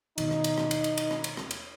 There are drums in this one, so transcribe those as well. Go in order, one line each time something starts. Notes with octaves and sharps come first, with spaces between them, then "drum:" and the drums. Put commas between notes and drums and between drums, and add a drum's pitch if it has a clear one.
B2 D#3 D#4, drum: cymbal
drum: rim click
drum: cymbal
drum: rim click
drum: cymbal
drum: cymbal
drum: cymbal
drum: rim click
drum: cymbal
drum: rim click
drum: cymbal